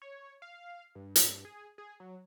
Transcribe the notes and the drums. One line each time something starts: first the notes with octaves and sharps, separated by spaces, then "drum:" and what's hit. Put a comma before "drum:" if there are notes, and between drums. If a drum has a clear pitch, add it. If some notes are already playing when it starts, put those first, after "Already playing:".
C#5
F5
G2
drum: hi-hat
G#4
G#4
F#3